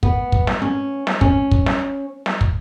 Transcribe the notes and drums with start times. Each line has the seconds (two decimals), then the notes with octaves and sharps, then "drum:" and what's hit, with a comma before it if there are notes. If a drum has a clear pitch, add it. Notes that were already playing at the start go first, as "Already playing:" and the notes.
0.03 B3, drum: kick
0.32 drum: kick
0.47 drum: snare
0.62 C#4
1.07 drum: snare
1.21 C#4, drum: kick
1.51 drum: kick
1.66 drum: snare
2.26 drum: snare
2.41 drum: kick